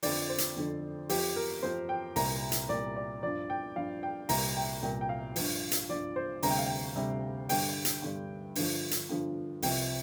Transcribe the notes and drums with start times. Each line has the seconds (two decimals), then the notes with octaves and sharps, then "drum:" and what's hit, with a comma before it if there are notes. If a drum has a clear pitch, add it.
0.03 F2 D3 F3 D5, drum: open hi-hat
0.29 C5
0.38 drum: hi-hat
0.57 F2 D3 F3
1.09 F2 F3 G4, drum: open hi-hat
1.36 A#4
1.62 F2 F3 C5
1.89 G5
2.16 C2 A#2 G3 A#5, drum: open hi-hat
2.52 drum: hi-hat
2.69 C2 A#2 G3 D5
2.96 D5
3.23 G2 F3 D5
3.50 G5
3.76 G2 F3 F5
4.03 G5
4.29 C2 A#2 G3 A#5, drum: open hi-hat
4.56 G5
4.83 C2 A#2 G3 G5
5.01 G5
5.09 F5
5.36 G2 F3, drum: open hi-hat
5.71 drum: hi-hat
5.89 G2 F3 D5
6.16 C5
6.43 D2 C3 G3 A#5, drum: open hi-hat
6.50 G5
6.58 F5
6.65 G5
6.96 D2 C3 G3
7.49 G2 D3 G3 G5, drum: open hi-hat
7.85 drum: hi-hat
8.02 G2 D3 G3
8.56 G2 D3 F3, drum: open hi-hat
8.91 drum: hi-hat
9.09 G2 D3 F3
9.62 C2 C3 F3 G5, drum: open hi-hat